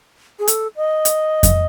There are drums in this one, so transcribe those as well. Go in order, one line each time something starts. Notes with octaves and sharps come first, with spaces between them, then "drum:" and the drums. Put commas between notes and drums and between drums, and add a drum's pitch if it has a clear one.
G#4
A4, drum: hi-hat
D#5
drum: hi-hat
drum: kick F2, hi-hat